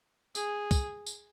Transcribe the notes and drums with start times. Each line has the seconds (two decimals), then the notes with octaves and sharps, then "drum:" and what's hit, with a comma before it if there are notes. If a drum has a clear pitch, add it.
0.35 G#4, drum: tambourine
0.71 drum: kick, tambourine
1.06 drum: tambourine